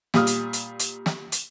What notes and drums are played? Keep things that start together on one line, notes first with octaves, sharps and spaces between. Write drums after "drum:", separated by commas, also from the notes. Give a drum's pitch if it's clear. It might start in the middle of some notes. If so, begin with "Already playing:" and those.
A#2 G3 D#6 F6, drum: snare
drum: hi-hat
drum: hi-hat
drum: hi-hat
drum: snare
drum: hi-hat